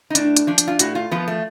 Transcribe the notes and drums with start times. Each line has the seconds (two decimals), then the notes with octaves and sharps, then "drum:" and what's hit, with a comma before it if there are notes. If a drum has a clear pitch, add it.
0.10 D#4
0.15 A2 D4, drum: hi-hat
0.37 drum: hi-hat
0.47 F3 D4
0.58 drum: hi-hat
0.68 F4
0.79 A2 F#4, drum: hi-hat
0.95 F4
1.11 F3 B3
1.28 A3